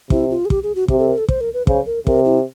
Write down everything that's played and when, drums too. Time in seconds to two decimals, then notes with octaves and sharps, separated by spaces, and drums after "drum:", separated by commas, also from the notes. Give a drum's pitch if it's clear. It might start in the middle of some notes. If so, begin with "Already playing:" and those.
0.10 C3 E4, drum: kick
0.31 F4
0.45 G#4
0.50 G4, drum: kick
0.63 G#4
0.75 F#4
0.88 C3 G4, drum: kick
0.99 A4
1.08 A#4
1.18 A4
1.29 C5, drum: kick
1.41 A#4
1.54 B4
1.67 C#3 C5, drum: kick
1.86 A#4
2.07 C3 A#4, drum: kick
2.25 E4